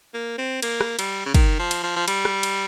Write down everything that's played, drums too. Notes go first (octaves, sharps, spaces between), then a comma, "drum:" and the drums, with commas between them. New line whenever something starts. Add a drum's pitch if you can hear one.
A#3
C4
A#3, drum: cymbal
drum: rim click
G3, drum: cymbal
C#3
D#3, drum: kick, cymbal
F3
drum: cymbal
F3
F3
G3, drum: cymbal
drum: rim click
drum: cymbal